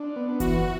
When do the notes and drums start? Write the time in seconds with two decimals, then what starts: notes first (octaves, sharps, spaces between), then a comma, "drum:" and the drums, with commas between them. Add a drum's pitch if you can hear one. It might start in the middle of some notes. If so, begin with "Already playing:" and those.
Already playing: D4
0.16 B3
0.40 E3 F#4, drum: kick F#1, hi-hat